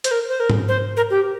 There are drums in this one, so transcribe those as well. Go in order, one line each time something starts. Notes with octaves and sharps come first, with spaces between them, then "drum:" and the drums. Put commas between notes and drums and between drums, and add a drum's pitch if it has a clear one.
C5, drum: hi-hat
A#4
C5
A#4
drum: tom G#2
C5
A#4
G4